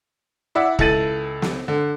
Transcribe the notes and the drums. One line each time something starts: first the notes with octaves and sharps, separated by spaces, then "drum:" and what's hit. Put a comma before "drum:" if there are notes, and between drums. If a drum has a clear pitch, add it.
E4 D5 E5 F#5
C#2 E4 A4 A6 D#7 F#7, drum: kick
drum: snare
D3